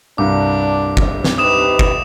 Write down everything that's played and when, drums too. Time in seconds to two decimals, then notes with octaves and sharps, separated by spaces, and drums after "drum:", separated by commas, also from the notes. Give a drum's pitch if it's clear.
0.18 C2 G2 D4 D6
0.97 drum: kick
1.24 drum: snare
1.38 C3 D#4 G4 B4 D#6 E7
1.79 drum: kick